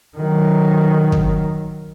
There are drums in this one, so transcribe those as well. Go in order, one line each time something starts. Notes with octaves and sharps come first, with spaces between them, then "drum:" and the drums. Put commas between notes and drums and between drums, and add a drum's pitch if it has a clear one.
D#3 F#3
drum: kick